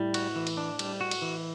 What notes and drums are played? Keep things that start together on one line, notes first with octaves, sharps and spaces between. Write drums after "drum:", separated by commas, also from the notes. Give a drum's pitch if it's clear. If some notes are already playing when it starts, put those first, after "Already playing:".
Already playing: A2 G3
F#4, drum: cymbal
E3
drum: cymbal
D4
G3, drum: cymbal
F#4
drum: cymbal
E3